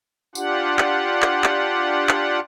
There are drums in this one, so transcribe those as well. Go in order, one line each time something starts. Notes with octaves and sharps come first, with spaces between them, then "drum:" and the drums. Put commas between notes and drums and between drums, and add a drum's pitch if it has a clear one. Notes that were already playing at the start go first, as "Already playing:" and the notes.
D4 F4 G4 F#5, drum: tambourine
drum: clap
drum: clap
drum: clap
drum: clap